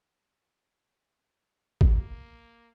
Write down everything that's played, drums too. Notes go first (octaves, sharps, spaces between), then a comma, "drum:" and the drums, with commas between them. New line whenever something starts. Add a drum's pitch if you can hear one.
drum: kick
A#3